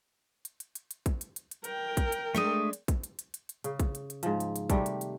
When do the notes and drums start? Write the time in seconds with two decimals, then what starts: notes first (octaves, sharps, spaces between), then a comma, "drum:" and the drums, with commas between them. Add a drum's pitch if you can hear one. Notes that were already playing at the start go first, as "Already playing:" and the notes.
0.45 drum: hi-hat
0.60 drum: hi-hat
0.75 drum: hi-hat
0.91 drum: hi-hat
1.06 drum: kick, hi-hat
1.21 drum: hi-hat
1.36 drum: hi-hat
1.51 drum: hi-hat
1.64 A#4 G5, drum: hi-hat
1.97 drum: kick, hi-hat
2.12 drum: hi-hat
2.35 G#3 A3 D4 D5 D#6
2.73 drum: hi-hat
2.88 drum: kick, hi-hat
3.04 drum: hi-hat
3.19 drum: hi-hat
3.34 drum: hi-hat
3.49 drum: hi-hat
3.64 C#3, drum: hi-hat
3.80 drum: kick, hi-hat
3.95 drum: hi-hat
4.10 drum: hi-hat
4.23 G#2 F3, drum: hi-hat
4.40 drum: hi-hat
4.56 drum: hi-hat
4.70 C3 D#3 G3 A3, drum: kick, hi-hat
4.86 drum: hi-hat
5.01 drum: hi-hat